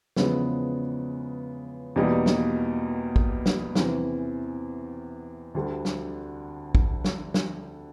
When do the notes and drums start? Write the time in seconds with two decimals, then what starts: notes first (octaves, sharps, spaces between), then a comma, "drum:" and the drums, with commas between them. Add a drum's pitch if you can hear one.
0.16 E2 C#3 F3 G#3 B3, drum: snare
1.96 E2 B2 G3 A#3 D#4
2.26 drum: snare
3.16 drum: kick
3.46 drum: snare
3.75 E2 C3 E3, drum: snare
5.55 D2 D3 G3
5.85 drum: snare
6.75 drum: kick
7.05 drum: snare
7.34 drum: snare